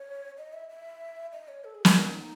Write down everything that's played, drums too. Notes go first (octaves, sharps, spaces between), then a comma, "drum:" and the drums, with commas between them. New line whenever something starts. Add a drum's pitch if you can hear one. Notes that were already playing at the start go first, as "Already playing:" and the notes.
Already playing: C#5
D#5
E5
E5
D#5
C#5
A4
G#4
D#4, drum: snare
C#4
D#4